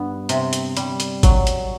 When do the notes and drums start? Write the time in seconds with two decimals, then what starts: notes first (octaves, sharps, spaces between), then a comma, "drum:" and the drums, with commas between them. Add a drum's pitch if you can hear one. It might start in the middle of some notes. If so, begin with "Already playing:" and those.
Already playing: G2 B3
0.29 C3, drum: hi-hat
0.53 drum: hi-hat
0.77 G3, drum: hi-hat
1.00 drum: hi-hat
1.23 F#3, drum: kick G#1, hi-hat
1.47 drum: hi-hat